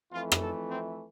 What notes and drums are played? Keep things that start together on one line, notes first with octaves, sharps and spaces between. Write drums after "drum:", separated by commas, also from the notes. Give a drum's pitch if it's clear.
F2 E3 A3 F4
drum: rim click
A4
C4